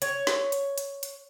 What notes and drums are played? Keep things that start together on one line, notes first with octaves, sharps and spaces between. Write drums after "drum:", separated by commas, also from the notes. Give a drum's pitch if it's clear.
C#5, drum: hi-hat
drum: snare
drum: hi-hat
drum: hi-hat
drum: hi-hat